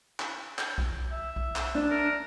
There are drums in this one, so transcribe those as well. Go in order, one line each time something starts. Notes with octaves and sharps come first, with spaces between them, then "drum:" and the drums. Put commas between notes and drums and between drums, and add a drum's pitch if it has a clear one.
drum: clap
drum: clap
drum: kick B1
E5
drum: kick B1
drum: clap
D4
A#4